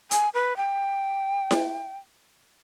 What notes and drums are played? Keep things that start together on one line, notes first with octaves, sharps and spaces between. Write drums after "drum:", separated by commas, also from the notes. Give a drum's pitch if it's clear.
G#5, drum: hi-hat
B4
G5
drum: snare E4